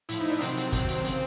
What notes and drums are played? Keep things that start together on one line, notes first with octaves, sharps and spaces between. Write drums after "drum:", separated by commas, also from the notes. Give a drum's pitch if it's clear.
A2 F3 E4, drum: hi-hat
D#4
D4
C3 D#3 F#3 C4, drum: hi-hat
drum: hi-hat
C3 D#3 F#3, drum: kick, hi-hat
drum: hi-hat
C#3 F3 C4, drum: hi-hat